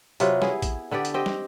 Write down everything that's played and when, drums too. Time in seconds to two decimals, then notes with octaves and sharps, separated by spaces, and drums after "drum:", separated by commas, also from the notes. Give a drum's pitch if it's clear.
0.20 C3 F#3 F4 B4, drum: hi-hat
0.42 B3 E4 G#4, drum: snare
0.62 drum: kick, hi-hat
0.91 D3 B3 G4 D5
1.05 drum: hi-hat
1.14 C4 G4 D#5 G5
1.26 drum: snare